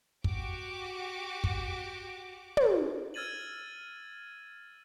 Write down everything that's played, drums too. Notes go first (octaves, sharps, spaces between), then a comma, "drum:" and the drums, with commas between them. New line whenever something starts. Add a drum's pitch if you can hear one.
F#4 G4 D6, drum: kick
drum: kick
drum: tom
E6 F6 G#6 A6 D#7 F#7